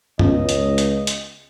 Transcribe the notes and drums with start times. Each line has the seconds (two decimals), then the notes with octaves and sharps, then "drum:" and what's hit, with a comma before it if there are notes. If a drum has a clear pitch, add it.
0.19 C#2 B3 C#4 F4 D#5, drum: tom F#2
0.49 drum: hi-hat
0.78 drum: hi-hat
1.07 drum: hi-hat